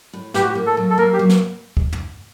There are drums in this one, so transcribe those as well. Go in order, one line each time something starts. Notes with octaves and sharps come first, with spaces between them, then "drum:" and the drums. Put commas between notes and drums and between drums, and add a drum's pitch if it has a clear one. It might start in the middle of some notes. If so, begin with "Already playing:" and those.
A2
A2 G4, drum: snare
F#4
G4
A#3
A4
F#3
A4
A#3 A#4
G4
F#3
drum: snare
drum: kick
drum: tom